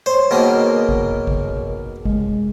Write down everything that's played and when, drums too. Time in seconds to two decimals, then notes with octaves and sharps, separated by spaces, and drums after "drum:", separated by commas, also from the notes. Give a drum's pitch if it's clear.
0.06 C5 C#5
0.31 B2 D#3 A#3 G#4 A#4 C#5
0.89 drum: kick G#1
1.27 drum: kick G#1
2.05 G#3, drum: kick G#1